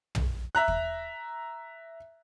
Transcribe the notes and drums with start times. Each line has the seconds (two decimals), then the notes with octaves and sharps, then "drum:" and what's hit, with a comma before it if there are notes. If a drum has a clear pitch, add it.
0.15 drum: tom
0.55 E5 A#5 F#6
0.68 drum: kick